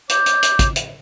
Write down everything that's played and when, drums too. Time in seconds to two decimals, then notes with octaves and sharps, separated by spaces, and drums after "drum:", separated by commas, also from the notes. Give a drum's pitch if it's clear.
0.09 C#5 D6 G6, drum: hi-hat
0.26 drum: hi-hat
0.43 drum: hi-hat
0.59 drum: kick, hi-hat
0.76 drum: hi-hat